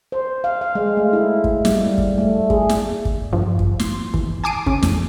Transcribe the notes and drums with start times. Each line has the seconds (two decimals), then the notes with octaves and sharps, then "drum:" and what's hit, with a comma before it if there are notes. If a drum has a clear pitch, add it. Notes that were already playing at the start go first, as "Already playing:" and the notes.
0.12 C5
0.44 F5
0.61 F5
0.75 G#3
0.97 A3
1.13 E4
1.44 drum: kick
1.65 G3, drum: snare
1.98 drum: kick
2.18 A3
2.50 G#4, drum: kick
2.69 drum: snare
3.05 drum: kick
3.33 G2 F3
3.59 drum: kick
3.79 C6, drum: snare
4.14 E2, drum: kick
4.44 G#5 A5 D6 C7 D7 D#7
4.66 C#3 C#4, drum: kick
4.83 F2, drum: snare